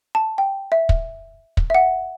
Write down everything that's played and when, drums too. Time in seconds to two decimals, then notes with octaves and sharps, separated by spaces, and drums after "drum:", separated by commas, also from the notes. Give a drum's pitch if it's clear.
0.15 A5
0.38 G5
0.72 E5
0.89 drum: kick
1.57 drum: kick
1.70 E5
1.75 F#5